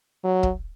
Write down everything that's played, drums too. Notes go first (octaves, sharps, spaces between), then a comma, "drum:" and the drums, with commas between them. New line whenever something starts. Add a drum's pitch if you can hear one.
F#3
drum: kick